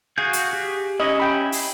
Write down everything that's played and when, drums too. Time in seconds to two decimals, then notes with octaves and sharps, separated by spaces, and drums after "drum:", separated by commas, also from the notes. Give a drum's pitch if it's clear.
0.18 F#4 G#4 F5 G6
0.33 drum: hi-hat
0.53 G4
1.00 C#4 E4 D#5
1.20 G5 B5
1.52 drum: open hi-hat